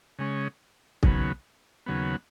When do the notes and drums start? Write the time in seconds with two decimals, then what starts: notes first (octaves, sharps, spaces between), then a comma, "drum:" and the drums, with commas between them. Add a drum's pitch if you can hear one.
0.19 C#3 G#3 C#4
1.03 D#2 C#3 F#3 B3, drum: kick
1.86 D#2 C#3 F#3 B3